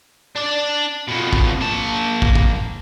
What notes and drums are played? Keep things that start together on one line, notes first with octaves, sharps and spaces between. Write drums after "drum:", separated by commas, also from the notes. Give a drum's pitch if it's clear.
D4 D5
F2 B2
drum: kick
A#3 A5
drum: kick
drum: kick